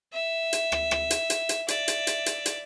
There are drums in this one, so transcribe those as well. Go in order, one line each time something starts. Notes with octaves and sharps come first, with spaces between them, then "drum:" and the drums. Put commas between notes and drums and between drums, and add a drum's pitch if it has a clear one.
E5
drum: hi-hat
drum: rim click
drum: rim click
drum: hi-hat
drum: hi-hat
drum: hi-hat
D5 E5, drum: hi-hat
drum: hi-hat
drum: hi-hat
drum: hi-hat
drum: hi-hat